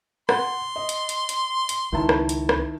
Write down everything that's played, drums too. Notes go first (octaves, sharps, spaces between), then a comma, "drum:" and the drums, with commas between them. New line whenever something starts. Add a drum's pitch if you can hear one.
F#5 C6 F#6 A6, drum: rim click
D#5
drum: hi-hat
drum: hi-hat
drum: hi-hat
drum: hi-hat
C#2 D#3 E4 A5
drum: rim click
drum: hi-hat
drum: rim click